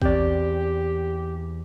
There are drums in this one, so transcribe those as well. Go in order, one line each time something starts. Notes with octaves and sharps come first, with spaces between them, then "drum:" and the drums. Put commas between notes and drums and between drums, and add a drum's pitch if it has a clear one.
E2 C4 G4 D5, drum: kick A1